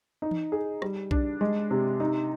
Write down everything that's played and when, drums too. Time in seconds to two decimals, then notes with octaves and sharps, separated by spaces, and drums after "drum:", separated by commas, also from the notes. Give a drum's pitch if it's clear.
0.22 D#4
0.31 drum: tom E3
0.52 G#4
0.82 G3, drum: rim click
1.11 D4, drum: kick B1
1.41 G#3
1.71 C3
2.00 D#4